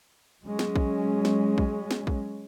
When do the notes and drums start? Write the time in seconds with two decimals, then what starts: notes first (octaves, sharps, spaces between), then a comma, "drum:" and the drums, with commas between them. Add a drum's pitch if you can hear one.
0.43 F#3 G#3 C#4
0.59 drum: snare
0.76 drum: kick
1.25 drum: snare
1.58 drum: kick
1.91 drum: snare
2.07 drum: kick